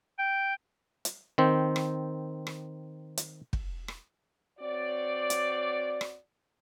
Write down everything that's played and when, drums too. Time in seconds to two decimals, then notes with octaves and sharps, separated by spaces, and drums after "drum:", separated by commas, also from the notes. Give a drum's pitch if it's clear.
0.19 G5
1.05 drum: hi-hat
1.38 D#3 C4
1.76 drum: rim click
2.47 drum: rim click
3.17 drum: hi-hat
3.53 drum: kick
3.88 drum: rim click
4.59 C4 F#4 C#5 D5
5.30 drum: hi-hat
6.01 drum: rim click